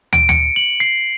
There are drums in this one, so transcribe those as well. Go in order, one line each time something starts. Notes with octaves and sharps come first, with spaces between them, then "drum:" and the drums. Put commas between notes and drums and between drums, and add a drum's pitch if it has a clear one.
D7, drum: tom
C#7, drum: tom
F#7
C7